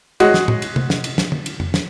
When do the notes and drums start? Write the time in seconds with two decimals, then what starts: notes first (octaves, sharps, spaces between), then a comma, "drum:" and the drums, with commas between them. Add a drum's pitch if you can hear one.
0.20 G#3 F#4, drum: cymbal
0.34 drum: snare
0.48 drum: tom A2
0.62 drum: cymbal
0.76 drum: tom C3
0.90 drum: snare
1.04 drum: cymbal
1.18 drum: snare
1.32 drum: tom D3
1.46 drum: cymbal
1.60 drum: tom F2
1.74 drum: snare